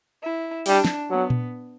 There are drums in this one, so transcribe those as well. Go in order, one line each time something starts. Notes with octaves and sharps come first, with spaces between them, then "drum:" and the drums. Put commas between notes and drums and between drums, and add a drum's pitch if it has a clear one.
E4
G3 D4, drum: open hi-hat
drum: snare
F#3 B3
drum: tom A#2